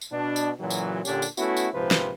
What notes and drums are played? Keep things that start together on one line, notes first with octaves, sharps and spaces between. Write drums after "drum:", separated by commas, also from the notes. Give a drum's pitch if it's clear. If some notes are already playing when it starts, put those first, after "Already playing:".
drum: tambourine
B2 D4
drum: tambourine
A#2 C#3 E3 F#3
drum: tambourine
A#2 D3 C#4 D4 G4, drum: tambourine
drum: tambourine
A3 B3 C#4 E4 F#4, drum: tambourine
drum: tambourine
A#1 G#2 C3 F3 B4 C5
drum: snare